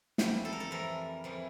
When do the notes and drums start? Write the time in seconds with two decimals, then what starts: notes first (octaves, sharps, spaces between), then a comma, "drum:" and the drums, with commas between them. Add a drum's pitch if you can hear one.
0.18 F2 E3 G3 G4, drum: snare
0.45 A4
0.53 A#4
0.60 A4
0.71 F2 E3 G3 A#4
1.24 F2 E3 G3